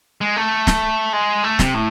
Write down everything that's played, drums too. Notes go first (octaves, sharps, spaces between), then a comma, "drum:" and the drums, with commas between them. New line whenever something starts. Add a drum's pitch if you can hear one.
G#3
A3
drum: snare
G#3
A3
C3, drum: snare
A2